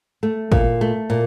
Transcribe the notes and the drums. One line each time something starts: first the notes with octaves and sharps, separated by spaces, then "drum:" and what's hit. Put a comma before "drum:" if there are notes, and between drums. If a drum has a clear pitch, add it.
A3
A#2, drum: kick G#1
A3
A#2